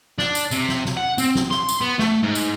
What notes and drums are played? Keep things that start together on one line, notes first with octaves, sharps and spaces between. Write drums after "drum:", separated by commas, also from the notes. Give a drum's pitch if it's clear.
D4, drum: snare
drum: tambourine
C3, drum: tambourine
drum: snare
drum: snare
F#5
C4, drum: tambourine
drum: snare
C6, drum: snare
drum: tambourine
B3
A3, drum: snare
G#2
drum: tambourine